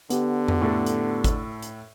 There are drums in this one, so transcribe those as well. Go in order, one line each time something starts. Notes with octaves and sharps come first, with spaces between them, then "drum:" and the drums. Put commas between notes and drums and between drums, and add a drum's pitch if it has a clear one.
D3 B3 G4, drum: hi-hat
drum: tom F2
A2 A4
drum: hi-hat
drum: kick, hi-hat
drum: hi-hat